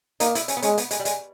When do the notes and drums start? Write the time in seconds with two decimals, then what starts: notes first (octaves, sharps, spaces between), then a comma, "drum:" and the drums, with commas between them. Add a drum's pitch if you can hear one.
0.20 A#3 D#4, drum: hi-hat
0.35 E4, drum: hi-hat
0.48 C#4, drum: hi-hat
0.57 B3
0.62 G#3 C#4, drum: hi-hat
0.78 B3, drum: hi-hat
0.91 G#3, drum: hi-hat
1.00 G3
1.05 G#3, drum: hi-hat